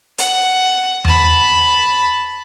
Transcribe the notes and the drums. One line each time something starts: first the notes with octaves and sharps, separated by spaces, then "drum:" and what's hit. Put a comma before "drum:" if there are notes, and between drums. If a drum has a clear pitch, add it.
F#5, drum: hi-hat
A5 B5, drum: tom E2